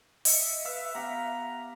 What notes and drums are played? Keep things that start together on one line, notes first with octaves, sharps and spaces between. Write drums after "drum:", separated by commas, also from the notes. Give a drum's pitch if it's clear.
D#5 E5 E6 C#7, drum: open hi-hat
B4 F5 E6 B6
B3 G4 F5 F#5 A#5 B6